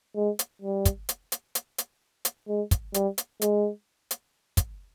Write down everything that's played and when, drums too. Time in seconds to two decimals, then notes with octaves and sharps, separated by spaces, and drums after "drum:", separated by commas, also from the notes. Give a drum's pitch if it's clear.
0.16 G#3
0.39 drum: hi-hat
0.62 G3
0.85 drum: kick, hi-hat
1.09 drum: hi-hat
1.32 drum: hi-hat
1.55 drum: hi-hat
1.78 drum: hi-hat
2.25 drum: hi-hat
2.48 G#3
2.71 drum: kick, hi-hat
2.94 G3, drum: hi-hat
3.18 drum: hi-hat
3.42 G#3, drum: hi-hat
4.11 drum: hi-hat
4.57 drum: kick, hi-hat